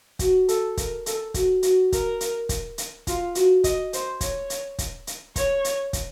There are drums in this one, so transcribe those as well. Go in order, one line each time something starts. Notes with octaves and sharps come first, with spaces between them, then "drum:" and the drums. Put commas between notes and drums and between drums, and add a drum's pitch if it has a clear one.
F#4, drum: kick, hi-hat
A4, drum: hi-hat
A#4, drum: kick, hi-hat
A4, drum: hi-hat
F#4, drum: kick, hi-hat
F#4, drum: hi-hat
A#4, drum: kick, hi-hat
drum: hi-hat
drum: kick, hi-hat
drum: hi-hat
F4, drum: kick, hi-hat
F#4, drum: hi-hat
D#5, drum: kick, hi-hat
C5, drum: hi-hat
C#5, drum: kick, hi-hat
drum: hi-hat
drum: kick, hi-hat
drum: hi-hat
C#5, drum: kick, hi-hat
drum: hi-hat
drum: kick, hi-hat